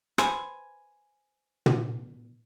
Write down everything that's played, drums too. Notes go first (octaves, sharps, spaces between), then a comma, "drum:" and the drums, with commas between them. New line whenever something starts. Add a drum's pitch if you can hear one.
B4 C5 G#5, drum: rim click
drum: tom